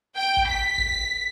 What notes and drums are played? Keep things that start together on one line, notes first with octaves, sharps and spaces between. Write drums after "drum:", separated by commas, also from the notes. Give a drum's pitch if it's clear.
G5
drum: kick
B6
drum: kick